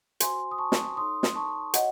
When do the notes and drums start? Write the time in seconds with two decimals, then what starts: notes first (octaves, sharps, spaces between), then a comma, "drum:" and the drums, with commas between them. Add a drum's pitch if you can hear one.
0.20 F#4 C5 G#5 C6, drum: hi-hat
0.51 D#6
0.58 A5 C#6
0.72 drum: snare
0.97 D#4 A4 C#5 C6 D#6
1.23 drum: snare
1.36 A5 C#6
1.74 F#4 C#5 D#5 F#5, drum: hi-hat